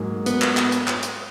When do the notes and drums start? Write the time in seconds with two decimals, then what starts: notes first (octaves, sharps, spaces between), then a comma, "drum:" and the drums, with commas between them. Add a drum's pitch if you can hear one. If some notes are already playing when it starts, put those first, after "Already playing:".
Already playing: G#2 F#3 A#3
0.26 B3, drum: hi-hat
0.42 drum: clap
0.57 drum: clap
0.72 drum: hi-hat
0.87 drum: clap
1.03 drum: hi-hat